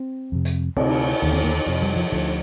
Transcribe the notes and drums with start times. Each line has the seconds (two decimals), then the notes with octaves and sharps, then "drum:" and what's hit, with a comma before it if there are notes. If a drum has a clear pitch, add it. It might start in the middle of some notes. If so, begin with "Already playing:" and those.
Already playing: C4
0.32 F2 C3
0.45 drum: hi-hat
0.76 D2 C3 C4, drum: cymbal
1.22 D#2 D3
1.33 C4
1.44 A#3
1.66 F2 C3
1.82 G3
1.96 F3
2.12 D2 D3 F3